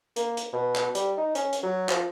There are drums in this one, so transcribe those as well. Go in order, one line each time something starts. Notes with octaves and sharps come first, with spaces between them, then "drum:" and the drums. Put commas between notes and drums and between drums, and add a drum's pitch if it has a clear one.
A#3, drum: hi-hat
drum: hi-hat
B2
drum: clap
G3, drum: hi-hat
D#4
C#4, drum: hi-hat
drum: hi-hat
F#3
F3, drum: clap